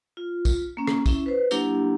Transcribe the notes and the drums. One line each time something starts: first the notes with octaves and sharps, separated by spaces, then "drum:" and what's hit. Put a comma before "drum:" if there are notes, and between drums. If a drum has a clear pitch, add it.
F4
drum: kick, tambourine
A#3 C#4
drum: rim click
C#4 E4 E5, drum: kick, tambourine
B4 C5
F#3 A#3 D4 E4 G4, drum: tambourine